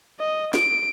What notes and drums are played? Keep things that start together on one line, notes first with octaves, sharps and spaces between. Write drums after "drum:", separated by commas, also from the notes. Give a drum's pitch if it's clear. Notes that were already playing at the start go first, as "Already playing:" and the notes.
D#5
D7, drum: snare